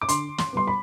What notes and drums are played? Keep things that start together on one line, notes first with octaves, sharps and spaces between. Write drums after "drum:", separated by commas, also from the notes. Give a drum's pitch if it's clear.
D6
D3 C6, drum: hi-hat
C6, drum: snare
G3 B3 C6
B5